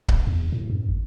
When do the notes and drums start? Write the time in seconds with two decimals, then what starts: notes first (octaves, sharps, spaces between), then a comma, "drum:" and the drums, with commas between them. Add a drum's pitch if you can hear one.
0.08 G#1, drum: kick C#1
0.27 E2
0.52 A2
0.70 F#2
0.89 G1